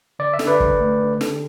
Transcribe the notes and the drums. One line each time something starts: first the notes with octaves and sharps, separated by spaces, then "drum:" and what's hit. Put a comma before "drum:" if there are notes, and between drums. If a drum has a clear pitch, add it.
D3 D5
E5
D3, drum: snare
B4 D5
D3, drum: kick
A3
D3
D3, drum: snare